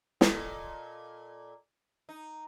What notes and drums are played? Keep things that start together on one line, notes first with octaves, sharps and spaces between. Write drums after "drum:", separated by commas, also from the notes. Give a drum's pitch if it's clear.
A#2 A4 D#5, drum: snare
D#4